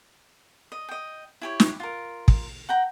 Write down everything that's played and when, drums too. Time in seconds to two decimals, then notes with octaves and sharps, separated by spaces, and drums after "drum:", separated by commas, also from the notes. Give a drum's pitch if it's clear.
0.72 D#5
0.89 D#5 G5
1.41 E4 G4 C#5
1.60 drum: snare
1.80 F4 A#4
2.28 drum: kick
2.69 F#5 G5 A#5